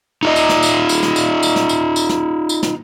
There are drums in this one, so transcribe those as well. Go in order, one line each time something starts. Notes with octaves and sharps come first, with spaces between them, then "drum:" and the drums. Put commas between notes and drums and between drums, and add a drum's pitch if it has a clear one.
D#4 F4 D#5
drum: tambourine
drum: snare
drum: tambourine
drum: tambourine
drum: snare
drum: tambourine
drum: tambourine
drum: snare
drum: tambourine
drum: tambourine
drum: snare
drum: tambourine
drum: snare